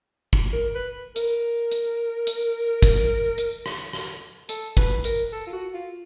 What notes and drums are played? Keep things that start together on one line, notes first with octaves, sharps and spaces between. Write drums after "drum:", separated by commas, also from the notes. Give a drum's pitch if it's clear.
drum: kick
A#4
B4
A#4, drum: hi-hat
drum: hi-hat
drum: hi-hat
drum: kick, hi-hat
drum: hi-hat
drum: rim click
drum: rim click
A4, drum: hi-hat
B4, drum: kick
A#4, drum: hi-hat
A4
F4
F#4
F4